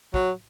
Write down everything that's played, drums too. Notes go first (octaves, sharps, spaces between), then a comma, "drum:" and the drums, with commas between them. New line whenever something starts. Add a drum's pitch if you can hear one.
F#3, drum: kick